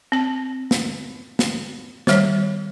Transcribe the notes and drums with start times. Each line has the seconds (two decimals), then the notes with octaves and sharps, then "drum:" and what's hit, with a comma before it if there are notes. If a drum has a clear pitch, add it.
0.12 C4 A5
0.71 drum: snare
1.39 drum: snare
2.07 D#3 G3 C#5, drum: snare